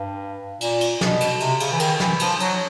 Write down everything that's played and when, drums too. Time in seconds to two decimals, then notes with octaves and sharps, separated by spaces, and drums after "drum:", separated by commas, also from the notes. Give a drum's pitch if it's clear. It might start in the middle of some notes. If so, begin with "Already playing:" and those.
Already playing: G2
0.61 A#2, drum: cymbal
0.81 drum: cymbal
1.01 B2, drum: snare
1.20 drum: cymbal
1.40 C3, drum: cymbal
1.60 C#3, drum: cymbal
1.72 E3
1.79 D#3, drum: cymbal
2.00 E3, drum: snare
2.19 F3, drum: cymbal
2.40 F#3, drum: cymbal